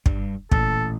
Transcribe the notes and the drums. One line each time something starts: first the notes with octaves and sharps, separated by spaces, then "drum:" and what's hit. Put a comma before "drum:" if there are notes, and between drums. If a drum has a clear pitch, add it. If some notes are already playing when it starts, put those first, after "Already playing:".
G2 G3, drum: kick
A1 A#2 A4, drum: kick